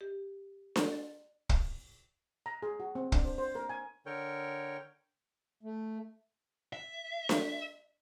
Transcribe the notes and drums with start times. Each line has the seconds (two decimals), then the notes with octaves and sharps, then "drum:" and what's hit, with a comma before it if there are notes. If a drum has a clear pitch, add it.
0.01 G4
0.76 drum: snare D4
0.92 A6
1.49 drum: kick
2.46 A#5
2.63 G#4
2.80 F#4
2.95 C4
3.12 D4, drum: kick
3.25 C5
3.38 C5
3.55 A#4
3.69 G#5
4.06 D3 A#4 C#5 G5
5.63 A3
6.73 E5
7.29 drum: snare D4